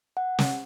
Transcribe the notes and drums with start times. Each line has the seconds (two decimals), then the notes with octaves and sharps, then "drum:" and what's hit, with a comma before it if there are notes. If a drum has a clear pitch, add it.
0.17 F#5
0.39 drum: snare